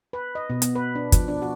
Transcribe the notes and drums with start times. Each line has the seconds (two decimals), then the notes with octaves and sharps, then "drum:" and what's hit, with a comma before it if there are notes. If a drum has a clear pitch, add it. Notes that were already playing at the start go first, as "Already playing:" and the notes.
0.13 B4
0.35 D#5
0.50 B2
0.62 B3, drum: hi-hat
0.75 B4
0.95 D4
1.12 F3, drum: kick, hi-hat
1.28 D4
1.42 F#4